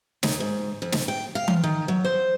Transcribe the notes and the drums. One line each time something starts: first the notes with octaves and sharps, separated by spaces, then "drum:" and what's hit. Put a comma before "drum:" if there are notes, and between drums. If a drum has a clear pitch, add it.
D#2, drum: snare
G#2
F2
drum: snare
G5
F5
drum: tom E3
D#3
F#3
C5